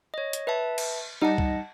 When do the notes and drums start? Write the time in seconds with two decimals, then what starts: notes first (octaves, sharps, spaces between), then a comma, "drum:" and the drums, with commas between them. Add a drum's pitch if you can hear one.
0.14 C#5 D#5
0.33 drum: hi-hat
0.47 B4 E5 A5
0.78 drum: cymbal
1.21 G3 D#4 D#5 F#5 A5
1.38 drum: kick C2